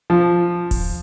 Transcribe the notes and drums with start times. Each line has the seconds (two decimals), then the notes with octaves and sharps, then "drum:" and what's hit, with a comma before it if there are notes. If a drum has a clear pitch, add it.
0.10 F3
0.71 drum: kick D#1, open hi-hat